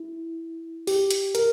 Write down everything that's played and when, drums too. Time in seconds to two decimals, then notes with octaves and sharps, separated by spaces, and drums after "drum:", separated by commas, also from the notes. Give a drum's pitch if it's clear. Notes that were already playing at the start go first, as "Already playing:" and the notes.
Already playing: E4
0.87 G4, drum: open hi-hat
1.10 drum: hi-hat
1.35 A#4, drum: hi-hat